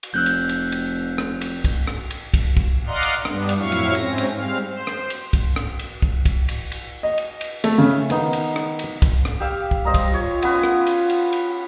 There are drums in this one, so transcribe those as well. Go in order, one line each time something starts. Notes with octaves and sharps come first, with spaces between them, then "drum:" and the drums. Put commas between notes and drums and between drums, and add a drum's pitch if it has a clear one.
drum: cymbal
F1 E6 F#6 G6
drum: cymbal
drum: cymbal
drum: cymbal
drum: rim click
drum: cymbal
drum: kick, cymbal
drum: rim click
drum: cymbal
drum: kick, cymbal
drum: kick
D5 D#5 F5 F#5 A#5 C6
drum: cymbal
G2 G3 B3 D4, drum: rim click
drum: cymbal
F2 A2 F#3 E4 F5 C#6
drum: cymbal
G#2 C4 C#4 A#6, drum: cymbal
drum: cymbal
G3 G#3 C4 F5
C5
drum: rim click
drum: cymbal
drum: kick, cymbal
drum: rim click
drum: cymbal
drum: kick
drum: kick, cymbal
drum: cymbal
drum: cymbal
D#5
drum: cymbal
drum: cymbal
A3, drum: cymbal
C#3
D#3 B3 D#4, drum: cymbal
drum: cymbal
drum: rim click
drum: cymbal
drum: kick, cymbal
drum: rim click
G4 F5 E6
drum: kick
G3 C5 D#5 A#5
drum: kick, cymbal
F4 C#5
B3 C#4 B4, drum: cymbal
drum: rim click
drum: cymbal
drum: cymbal
drum: cymbal